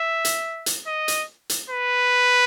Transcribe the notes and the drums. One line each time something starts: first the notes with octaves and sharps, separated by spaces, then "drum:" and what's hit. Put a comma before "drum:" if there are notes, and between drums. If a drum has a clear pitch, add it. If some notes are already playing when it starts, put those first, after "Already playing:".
Already playing: E5
drum: hi-hat
drum: hi-hat
D#5
drum: hi-hat
drum: hi-hat
B4